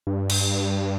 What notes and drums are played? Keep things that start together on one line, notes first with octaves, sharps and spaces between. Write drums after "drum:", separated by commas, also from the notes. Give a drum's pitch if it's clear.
G2
drum: cymbal